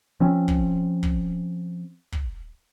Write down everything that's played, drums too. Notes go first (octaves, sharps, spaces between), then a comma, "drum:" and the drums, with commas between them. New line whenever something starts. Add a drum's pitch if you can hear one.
F3 C4 C#4
drum: kick
drum: kick
drum: kick